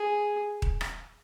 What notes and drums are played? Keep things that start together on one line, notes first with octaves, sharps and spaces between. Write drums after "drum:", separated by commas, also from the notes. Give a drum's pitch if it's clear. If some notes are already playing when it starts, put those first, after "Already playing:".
Already playing: G#4
drum: kick D#1
drum: rim click